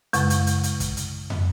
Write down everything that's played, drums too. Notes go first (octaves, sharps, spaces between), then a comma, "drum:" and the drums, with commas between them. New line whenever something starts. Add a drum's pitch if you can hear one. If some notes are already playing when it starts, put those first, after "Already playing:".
F#2 C#3 G#3, drum: hi-hat
drum: hi-hat
drum: hi-hat
drum: hi-hat
drum: kick, hi-hat
drum: hi-hat
drum: tom